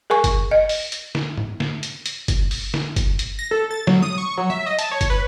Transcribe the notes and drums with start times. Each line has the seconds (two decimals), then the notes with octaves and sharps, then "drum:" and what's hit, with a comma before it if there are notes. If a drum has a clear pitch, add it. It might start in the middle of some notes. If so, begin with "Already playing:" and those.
0.10 G#4 A#4 G#5 C#6
0.24 drum: kick F#1, hi-hat
0.51 D#5
0.69 drum: open hi-hat
0.92 drum: hi-hat
1.15 drum: snare
1.37 drum: tom G#2
1.60 drum: snare
1.83 drum: hi-hat
2.06 drum: hi-hat
2.28 drum: kick F#1, hi-hat
2.51 drum: open hi-hat
2.74 drum: snare
2.96 drum: kick F#1, hi-hat
3.19 drum: hi-hat
3.39 A#6
3.51 A4
3.71 A6
3.87 F#3, drum: snare
4.03 D#6
4.18 C#6
4.38 F#3
4.50 E5
4.66 D#5
4.79 A5, drum: hi-hat
4.91 C#5
5.01 drum: kick F#1, hi-hat
5.10 B4